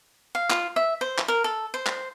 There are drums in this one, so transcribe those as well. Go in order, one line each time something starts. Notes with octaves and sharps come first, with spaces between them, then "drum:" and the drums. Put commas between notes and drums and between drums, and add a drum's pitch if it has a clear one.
F5
F4, drum: clap
E5
C5
drum: clap
A#4
A4
C5
drum: clap